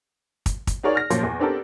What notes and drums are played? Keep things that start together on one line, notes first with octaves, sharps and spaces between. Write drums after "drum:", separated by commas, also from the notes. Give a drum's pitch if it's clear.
drum: kick, hi-hat
drum: kick, hi-hat
D#4 F#4 G#4 A#4 C#5 D5
F6 A#6
A#2 F3 F#3 A#3 C#4, drum: hi-hat
E2
B3 C4 D4 G4 A4 A#4